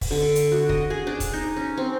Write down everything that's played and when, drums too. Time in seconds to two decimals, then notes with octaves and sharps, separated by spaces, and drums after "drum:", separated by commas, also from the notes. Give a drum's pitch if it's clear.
0.01 drum: kick, open hi-hat
0.11 D3
0.35 drum: hi-hat
0.52 F#4
0.69 D#5, drum: kick
0.90 G#4
1.07 D4
1.20 drum: kick, hi-hat
1.33 D#4
1.56 C#4
1.77 C4